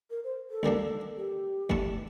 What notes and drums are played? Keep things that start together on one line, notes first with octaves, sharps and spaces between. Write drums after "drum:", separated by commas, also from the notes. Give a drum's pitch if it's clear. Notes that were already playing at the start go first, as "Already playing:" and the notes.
A#4
C5
A4
D2 D3 G3 A#3 D4
G4
E2 D3 A3 E4, drum: kick